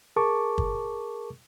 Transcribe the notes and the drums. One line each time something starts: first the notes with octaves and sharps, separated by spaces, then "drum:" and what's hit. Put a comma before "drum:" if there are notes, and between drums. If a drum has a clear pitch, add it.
G#4 A#4 A5 C#6 D6
drum: kick